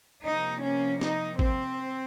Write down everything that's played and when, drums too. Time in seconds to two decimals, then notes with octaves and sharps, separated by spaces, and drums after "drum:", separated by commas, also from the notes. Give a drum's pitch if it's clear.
0.24 C3 F3 A#3 D#4
0.63 C#4
1.01 D#4, drum: snare
1.39 C4, drum: kick